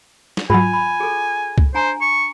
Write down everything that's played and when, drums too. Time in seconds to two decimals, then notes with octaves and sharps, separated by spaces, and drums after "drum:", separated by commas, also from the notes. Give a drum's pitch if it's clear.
0.37 drum: snare
0.50 G#2 F#3 F4 G#5 B5
0.73 B5
1.00 G#4 A4
1.58 drum: kick C2
1.74 D4 C5 G#5 A#5
2.01 C#6